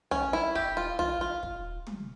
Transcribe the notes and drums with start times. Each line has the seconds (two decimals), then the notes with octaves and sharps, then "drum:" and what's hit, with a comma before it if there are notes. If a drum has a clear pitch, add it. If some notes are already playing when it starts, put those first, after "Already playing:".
0.11 C#4, drum: tom
0.33 E4
0.55 G4, drum: kick
0.77 F4
0.99 F4, drum: tom
1.21 F4
1.43 drum: kick
1.87 drum: tom